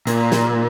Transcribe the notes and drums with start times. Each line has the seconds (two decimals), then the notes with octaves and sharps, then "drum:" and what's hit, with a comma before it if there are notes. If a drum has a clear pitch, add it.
0.07 A#2, drum: hi-hat
0.32 drum: snare